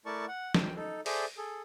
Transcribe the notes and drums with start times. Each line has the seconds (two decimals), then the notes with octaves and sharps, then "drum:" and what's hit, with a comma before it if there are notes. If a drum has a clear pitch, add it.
0.06 A3 E4 A#4 D5 A5 C#6
0.28 F#5
0.54 G5, drum: snare
0.77 D#4 A4
1.06 G#4 A4 C5 D5 E5, drum: open hi-hat
1.37 G#4 A4